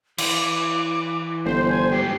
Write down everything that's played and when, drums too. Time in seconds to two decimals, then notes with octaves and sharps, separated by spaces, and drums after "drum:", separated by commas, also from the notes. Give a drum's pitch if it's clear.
0.18 E3 D6, drum: cymbal
1.45 G1 C5
1.69 G#5
1.92 G#2 F#3 G4 C7